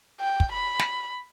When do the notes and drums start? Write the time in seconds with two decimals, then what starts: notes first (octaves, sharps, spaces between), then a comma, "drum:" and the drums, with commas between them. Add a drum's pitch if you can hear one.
0.20 G5
0.40 drum: kick
0.52 B5
0.79 drum: snare